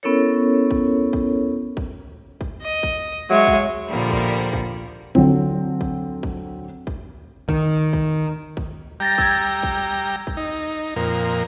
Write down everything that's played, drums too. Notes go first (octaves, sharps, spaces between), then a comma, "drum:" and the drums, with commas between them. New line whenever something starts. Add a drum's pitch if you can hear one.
B3 C#4 E4 A4 A#4 C#5
drum: kick
drum: kick
drum: kick
drum: kick
D#5
drum: kick
F#3 G#3 C#5 E5
drum: kick
A#2 D3 F3 G3 A#3
drum: kick
drum: kick
D3 F#3 C4, drum: kick
drum: kick
drum: kick
drum: kick
D#3, drum: kick
drum: kick
drum: kick
G3 G5 A#5 G6 A6 A#6
E6 G#6, drum: kick
drum: kick
drum: kick
D#4
F2 A#2 A#4